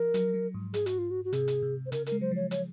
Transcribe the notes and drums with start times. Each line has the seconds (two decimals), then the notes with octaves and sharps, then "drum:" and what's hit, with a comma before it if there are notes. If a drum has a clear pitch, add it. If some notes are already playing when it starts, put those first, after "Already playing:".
Already playing: F3 A#4
0.14 F#3, drum: hi-hat
0.34 F#3
0.54 G#2
0.74 G#4, drum: hi-hat
0.86 F#4, drum: hi-hat
0.98 F4
1.11 F#4
1.25 F#4
1.33 C3 G#4, drum: hi-hat
1.48 drum: hi-hat
1.63 C3
1.86 C5
1.92 C#3 A#4, drum: hi-hat
2.06 A#4, drum: hi-hat
2.12 G#3
2.21 F#3 C5
2.31 F3 C#5
2.51 C#5, drum: hi-hat